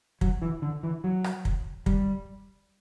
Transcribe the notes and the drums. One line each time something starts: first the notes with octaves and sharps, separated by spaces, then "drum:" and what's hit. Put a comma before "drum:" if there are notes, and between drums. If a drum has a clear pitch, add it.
F#3, drum: kick
E3
D3
E3
F#3
drum: rim click
drum: kick
G3, drum: kick